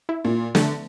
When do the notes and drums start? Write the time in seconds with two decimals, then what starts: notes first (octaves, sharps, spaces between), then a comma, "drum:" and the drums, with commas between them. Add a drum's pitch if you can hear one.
0.09 E4
0.25 A#2
0.55 D3 A3, drum: snare